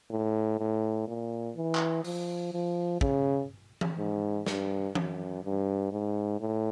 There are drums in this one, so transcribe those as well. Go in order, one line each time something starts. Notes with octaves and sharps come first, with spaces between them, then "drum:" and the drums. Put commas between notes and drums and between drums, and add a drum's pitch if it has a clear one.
A2
A2
A#2
E3
drum: clap
F3, drum: open hi-hat
F3
C#3, drum: kick
drum: tom E3
G#2
G2, drum: snare
F#2, drum: tom E3
G2
G#2
A2